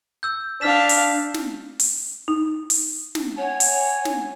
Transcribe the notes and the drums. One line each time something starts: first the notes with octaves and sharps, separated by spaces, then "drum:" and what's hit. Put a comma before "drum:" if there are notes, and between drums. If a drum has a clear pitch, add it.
E6 G6
D4 F5 F6 B6 E7
drum: open hi-hat
drum: snare
drum: open hi-hat
D#4
drum: open hi-hat
drum: snare
C#5 F#5 G#5
drum: open hi-hat
drum: snare